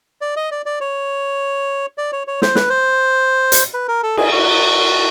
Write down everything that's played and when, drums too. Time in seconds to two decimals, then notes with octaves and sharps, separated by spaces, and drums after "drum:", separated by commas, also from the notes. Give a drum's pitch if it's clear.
0.21 D5
0.36 D#5
0.51 D5
0.66 D5
0.81 C#5
1.98 D5
2.12 C#5
2.27 C#5
2.42 C5, drum: snare
2.55 B4, drum: snare
2.69 C5
3.52 drum: hi-hat
3.74 B4
3.88 A#4
4.03 A4
4.17 G#4, drum: cymbal
4.32 F#4